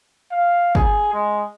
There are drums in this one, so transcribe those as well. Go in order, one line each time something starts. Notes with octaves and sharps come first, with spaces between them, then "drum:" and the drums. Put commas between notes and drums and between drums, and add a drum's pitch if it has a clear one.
F5
G#4, drum: kick
G#3